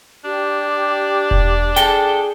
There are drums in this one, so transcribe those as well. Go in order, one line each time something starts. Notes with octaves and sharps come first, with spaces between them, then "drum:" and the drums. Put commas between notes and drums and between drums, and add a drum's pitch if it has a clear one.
D4 G4
drum: kick E1
G#4 A4 G5, drum: hi-hat